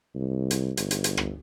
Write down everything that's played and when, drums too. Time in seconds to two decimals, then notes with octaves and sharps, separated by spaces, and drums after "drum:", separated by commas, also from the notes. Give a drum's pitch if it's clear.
0.15 C2
0.51 drum: hi-hat
0.77 G1, drum: hi-hat
0.91 drum: hi-hat
1.04 drum: hi-hat
1.17 drum: rim click